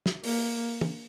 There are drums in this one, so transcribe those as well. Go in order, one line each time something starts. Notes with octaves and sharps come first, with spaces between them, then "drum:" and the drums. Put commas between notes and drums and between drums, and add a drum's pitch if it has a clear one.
drum: snare
A#3, drum: open hi-hat
drum: tom